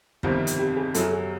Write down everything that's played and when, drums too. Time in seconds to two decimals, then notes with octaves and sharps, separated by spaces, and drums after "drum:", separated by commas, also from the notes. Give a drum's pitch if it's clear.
0.23 G1 F2 C3 D#3 G3, drum: kick
0.47 drum: hi-hat
0.59 G4
0.77 G#4
0.94 F#2 C#3 F#3 A4, drum: hi-hat
1.13 G#4